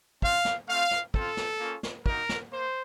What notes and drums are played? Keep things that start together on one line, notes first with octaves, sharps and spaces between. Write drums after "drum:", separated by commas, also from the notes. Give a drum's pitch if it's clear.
C4 F4 F5, drum: kick
drum: snare
A3 C4 F4 F5
drum: snare
C4 F4 A4, drum: kick
drum: snare
A#3 C#4 F4
drum: snare
A#3 D#4 F#4 A#4, drum: kick
drum: snare
A#3 C5